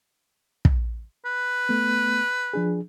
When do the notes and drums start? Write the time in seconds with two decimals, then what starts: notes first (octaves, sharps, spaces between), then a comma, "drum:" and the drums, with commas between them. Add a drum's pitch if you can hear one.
0.65 drum: kick
1.25 B4
1.69 A3 B3
2.53 F3 D4 G#4